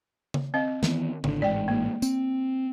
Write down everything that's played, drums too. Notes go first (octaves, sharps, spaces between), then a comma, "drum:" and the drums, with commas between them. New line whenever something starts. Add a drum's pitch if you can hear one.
drum: tom C#3
C4 D#5 F5
D#3 E3 B3, drum: snare
G#1 D3, drum: tom C#3
A1 G#2 D5 G5
A#3
C4, drum: tambourine